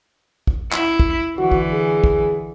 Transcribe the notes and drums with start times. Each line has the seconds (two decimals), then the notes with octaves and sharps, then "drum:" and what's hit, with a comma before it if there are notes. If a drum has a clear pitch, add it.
0.47 drum: kick
0.72 E4, drum: clap
0.99 drum: kick
1.39 D3 E3 F#4
1.52 drum: kick
1.73 G#4
2.04 drum: kick